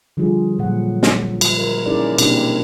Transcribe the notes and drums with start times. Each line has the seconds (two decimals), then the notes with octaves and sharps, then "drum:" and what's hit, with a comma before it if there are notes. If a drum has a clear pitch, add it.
0.17 D3 F3 G3 F4 G#4
0.59 A#2 F#3 F#5
1.03 drum: snare
1.41 drum: cymbal
1.58 A#4
1.86 C#4 D#4 E4 G#4 A#4 D5
2.18 B2 A#3 C4 D4 D#4 G4, drum: cymbal